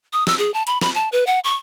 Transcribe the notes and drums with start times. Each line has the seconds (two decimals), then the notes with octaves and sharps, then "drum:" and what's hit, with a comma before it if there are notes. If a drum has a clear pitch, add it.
0.13 D#6
0.27 E6, drum: snare
0.39 G#4
0.54 A5
0.67 B5, drum: hi-hat
0.81 B5, drum: snare
0.95 A5
1.12 B4
1.27 F#5
1.44 C#6